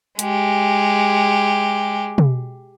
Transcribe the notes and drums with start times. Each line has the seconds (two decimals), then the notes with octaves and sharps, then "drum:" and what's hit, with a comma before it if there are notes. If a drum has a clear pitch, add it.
0.19 G#3 G4, drum: hi-hat
2.18 drum: tom